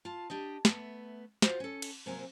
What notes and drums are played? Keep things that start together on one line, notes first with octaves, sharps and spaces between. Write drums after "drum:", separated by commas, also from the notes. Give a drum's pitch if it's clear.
F4 A5
D4 G4 D#5
A3 B3 E5, drum: snare
F4 F#4 C5, drum: snare
C#4 A4
drum: cymbal
C3 F#3 A#3 C4 G#5